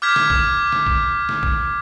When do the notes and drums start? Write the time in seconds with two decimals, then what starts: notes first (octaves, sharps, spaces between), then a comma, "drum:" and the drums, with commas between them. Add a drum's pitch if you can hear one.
0.02 D6 F6 G6 G#6 B6
0.16 drum: snare
0.30 drum: kick
0.72 drum: snare
0.87 drum: kick
1.29 drum: snare
1.43 drum: kick